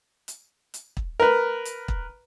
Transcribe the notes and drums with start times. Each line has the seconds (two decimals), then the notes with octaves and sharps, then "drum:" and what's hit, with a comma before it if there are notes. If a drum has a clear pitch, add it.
0.28 drum: hi-hat
0.74 drum: hi-hat
0.97 drum: kick
1.20 A#4 B4
1.65 drum: hi-hat
1.88 drum: kick